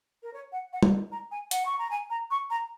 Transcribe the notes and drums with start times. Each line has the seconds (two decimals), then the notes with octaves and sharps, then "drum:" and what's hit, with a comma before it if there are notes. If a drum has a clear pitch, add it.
0.23 A#4
0.33 C#5
0.52 F#5
0.73 F#5
0.83 drum: tom
1.12 A#5
1.31 G#5
1.51 F#5, drum: hi-hat
1.65 C#6
1.78 A#5
1.91 G#5
2.10 A#5
2.31 C#6
2.50 A#5